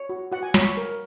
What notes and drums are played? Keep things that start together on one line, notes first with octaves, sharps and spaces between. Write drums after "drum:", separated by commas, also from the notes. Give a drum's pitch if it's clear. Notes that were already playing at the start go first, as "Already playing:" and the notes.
Already playing: C#5
F#4
F#4 F#5
G#5
C#5 B5, drum: snare
C#6
A#4